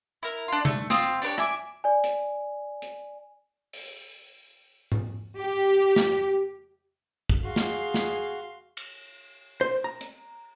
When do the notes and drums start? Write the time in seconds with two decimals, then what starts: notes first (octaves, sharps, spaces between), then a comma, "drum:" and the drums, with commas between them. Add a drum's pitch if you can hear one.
0.23 E4 A#4
0.48 D4 F4
0.65 A3, drum: tom C3
0.90 C4 F4 D#6, drum: snare
1.22 D4 G4 B4 C#5
1.38 E5 G#5 D6, drum: rim click
1.84 D5 G#5
2.04 drum: hi-hat
2.82 drum: hi-hat
3.73 drum: open hi-hat
4.92 drum: tom G#2
5.38 G4
5.96 drum: snare
7.29 drum: kick
7.44 F#4 G#4 F5 C6
7.56 drum: snare
7.94 drum: snare
8.77 drum: cymbal
9.61 C5
9.84 A#5
10.01 drum: hi-hat